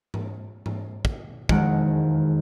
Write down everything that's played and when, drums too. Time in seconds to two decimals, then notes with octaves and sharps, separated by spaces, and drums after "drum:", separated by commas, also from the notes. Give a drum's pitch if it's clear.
0.14 drum: tom G#2
0.66 drum: tom G#2
1.05 drum: kick
1.49 E1 F2 D#3 G#3 F#5 D7, drum: kick